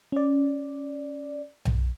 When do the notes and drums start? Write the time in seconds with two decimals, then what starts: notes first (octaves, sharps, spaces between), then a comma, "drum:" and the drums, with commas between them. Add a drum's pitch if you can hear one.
0.12 C#4 D5
1.65 drum: tom B1